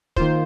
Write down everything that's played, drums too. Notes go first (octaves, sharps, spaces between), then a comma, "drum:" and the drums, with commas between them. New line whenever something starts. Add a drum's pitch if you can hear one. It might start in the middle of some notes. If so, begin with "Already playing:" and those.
D#3 A#3 F4 C5, drum: kick